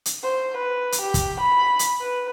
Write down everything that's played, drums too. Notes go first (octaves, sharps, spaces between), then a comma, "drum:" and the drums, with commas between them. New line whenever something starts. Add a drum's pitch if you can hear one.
drum: hi-hat
C5
B4
drum: hi-hat
G4
drum: kick, hi-hat
B5
drum: hi-hat
B4